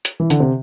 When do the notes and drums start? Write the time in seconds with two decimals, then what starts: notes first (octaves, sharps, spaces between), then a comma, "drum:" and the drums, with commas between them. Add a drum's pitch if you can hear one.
0.05 drum: hi-hat
0.20 E3
0.30 D3, drum: hi-hat
0.40 C3